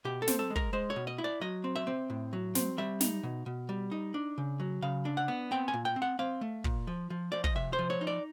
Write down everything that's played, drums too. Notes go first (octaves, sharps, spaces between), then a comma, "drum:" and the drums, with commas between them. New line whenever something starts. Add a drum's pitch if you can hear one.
B2 G4
A4
C4, drum: snare
A4
G#3
A#4, drum: kick
G#3 C5
C#5
B2
D#5
E4
D5
F#3 D#5
C4
E5
C4
A2
F#3
C4, drum: snare
G3 E5
D#4, drum: snare
B2
B2
G3
D#4
D4
C#3
F#3
C#3 F5
D4
F#5
B3
C4 G5
G#5
A#2
G5
C4
F#5
C4 F5
A3
A#2, drum: kick
F3
F3
F3 D5
D#5, drum: kick
C3 E5
C5
F3
C#5
D#4
D5